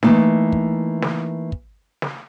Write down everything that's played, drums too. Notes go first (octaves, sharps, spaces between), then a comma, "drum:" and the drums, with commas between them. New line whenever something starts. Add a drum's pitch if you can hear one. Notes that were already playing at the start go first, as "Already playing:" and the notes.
E3 F3 A3 A#3 D#4, drum: snare
drum: kick
drum: snare
drum: kick
drum: snare